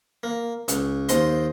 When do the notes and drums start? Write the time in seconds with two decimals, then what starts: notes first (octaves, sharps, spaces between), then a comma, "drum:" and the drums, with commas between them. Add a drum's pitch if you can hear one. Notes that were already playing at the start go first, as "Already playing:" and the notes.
0.23 A#3
0.68 C#2, drum: hi-hat
1.09 D#2 C5 D#5 C6, drum: hi-hat